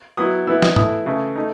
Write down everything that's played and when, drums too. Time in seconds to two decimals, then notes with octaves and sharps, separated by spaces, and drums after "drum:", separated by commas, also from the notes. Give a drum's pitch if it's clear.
0.17 F#3 B3 E4 D#6
0.47 E3 B3 E4 E6
0.62 D#6, drum: snare
0.76 E3 A3 E4 D#6, drum: tom G#2
1.06 C#3 E3 A3
1.35 A3 D#4